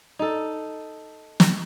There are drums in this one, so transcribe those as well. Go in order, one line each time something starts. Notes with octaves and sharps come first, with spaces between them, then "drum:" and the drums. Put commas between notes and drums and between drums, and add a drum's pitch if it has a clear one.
D#4 A4
drum: snare